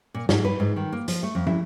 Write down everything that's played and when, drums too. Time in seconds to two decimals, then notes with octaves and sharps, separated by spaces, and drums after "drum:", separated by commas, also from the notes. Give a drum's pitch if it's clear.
0.15 A#2
0.29 G#2, drum: snare
0.45 B4
0.60 G#2
0.76 D#3
0.92 A#3
1.08 F3, drum: hi-hat
1.23 A3
1.35 F2
1.47 E4, drum: tom